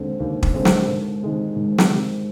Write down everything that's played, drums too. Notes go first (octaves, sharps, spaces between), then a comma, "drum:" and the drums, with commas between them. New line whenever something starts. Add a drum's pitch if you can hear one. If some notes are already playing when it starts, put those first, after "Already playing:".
Already playing: D#2 D3 G#3 C4
D#2
drum: kick
D3 G#3 C4
drum: snare
G#2
D#3 G#3 C4
G#2
drum: snare
D#3 G#3 C4